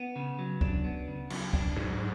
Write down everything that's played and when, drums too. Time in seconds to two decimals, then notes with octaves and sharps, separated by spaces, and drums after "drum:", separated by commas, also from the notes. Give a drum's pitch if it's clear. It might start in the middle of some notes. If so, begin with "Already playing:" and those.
Already playing: B3
0.16 C#3
0.39 F#3
0.61 D4, drum: kick
0.84 B3
1.08 C#3
1.30 F#3, drum: cymbal
1.53 D4, drum: kick
1.76 G#2 F#3